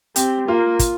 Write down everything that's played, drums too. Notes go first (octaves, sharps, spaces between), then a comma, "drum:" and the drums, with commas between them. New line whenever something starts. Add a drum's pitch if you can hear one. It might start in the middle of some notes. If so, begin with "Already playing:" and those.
C4 G4, drum: hi-hat
A#3 F4
drum: kick, hi-hat